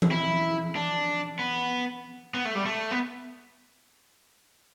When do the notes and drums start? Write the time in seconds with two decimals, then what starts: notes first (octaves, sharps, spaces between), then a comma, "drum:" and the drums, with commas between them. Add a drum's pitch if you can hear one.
0.02 drum: tom E3
0.11 E4
0.75 D4
1.39 B3
2.34 B3
2.45 A3
2.55 G3
2.66 A3
2.91 B3